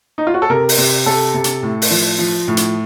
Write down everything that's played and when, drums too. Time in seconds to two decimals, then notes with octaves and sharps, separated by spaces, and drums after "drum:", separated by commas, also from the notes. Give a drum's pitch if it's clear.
0.18 D#4
0.27 F4
0.34 F#4
0.42 A4
0.50 C3 A#4
0.69 drum: open hi-hat
0.78 C3
1.06 C3 A4
1.34 C3
1.44 drum: hi-hat
1.63 A2
1.82 drum: open hi-hat
1.91 F3
2.19 F3
2.48 A2
2.57 drum: hi-hat